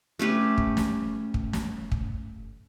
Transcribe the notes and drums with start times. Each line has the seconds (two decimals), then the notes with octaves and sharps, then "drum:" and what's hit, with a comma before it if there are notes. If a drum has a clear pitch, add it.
0.19 A3 C#4 G4 B4
0.58 drum: kick
0.77 drum: snare
1.34 drum: kick
1.53 drum: snare
1.92 drum: kick